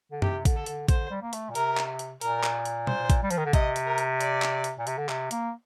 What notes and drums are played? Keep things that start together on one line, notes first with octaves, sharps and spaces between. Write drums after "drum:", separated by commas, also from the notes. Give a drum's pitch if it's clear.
D3
C3 G4, drum: tom F#2
D3, drum: kick A1, hi-hat
A4
D3, drum: hi-hat
D3 C5, drum: kick A1, hi-hat
G3
A#3
A3, drum: hi-hat
A#2
C3 A#4, drum: hi-hat
drum: clap
drum: hi-hat
A#2 A#4, drum: hi-hat
drum: clap
drum: hi-hat
C5, drum: tom B2
drum: kick A1, hi-hat
G3
F3, drum: hi-hat
D#3
D3
C3 D#5, drum: kick A1, hi-hat
drum: hi-hat
A#4
drum: hi-hat
D5, drum: hi-hat
drum: clap
drum: hi-hat
A#2
C3, drum: hi-hat
D3
C3, drum: clap
A#3, drum: hi-hat